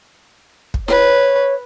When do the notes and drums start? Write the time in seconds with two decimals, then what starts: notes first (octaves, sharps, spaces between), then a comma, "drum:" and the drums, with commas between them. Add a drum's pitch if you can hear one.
0.74 drum: kick
0.88 B4 C#5, drum: snare E4